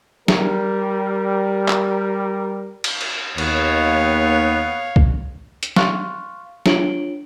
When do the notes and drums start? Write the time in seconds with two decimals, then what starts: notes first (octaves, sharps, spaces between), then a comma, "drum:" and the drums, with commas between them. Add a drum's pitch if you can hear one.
0.28 G3 A#4, drum: snare
1.68 drum: clap
2.84 drum: cymbal
3.01 drum: cymbal
3.38 D#2 B3 C#5 F5, drum: cymbal
4.96 drum: kick
5.63 drum: hi-hat
5.76 F5 C6 C#6 F6 F#6 A6, drum: snare
6.66 D4 F4 C#5 D7 F#7 G7, drum: snare